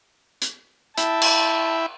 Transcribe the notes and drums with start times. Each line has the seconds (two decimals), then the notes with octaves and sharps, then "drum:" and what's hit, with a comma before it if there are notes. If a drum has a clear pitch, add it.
0.42 drum: hi-hat
0.98 E4 E5 G5 A5, drum: hi-hat
1.22 drum: cymbal